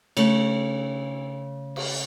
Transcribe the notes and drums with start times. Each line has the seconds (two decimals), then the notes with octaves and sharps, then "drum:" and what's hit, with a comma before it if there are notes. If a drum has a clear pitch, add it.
0.17 C#3 A3, drum: cymbal
1.76 drum: cymbal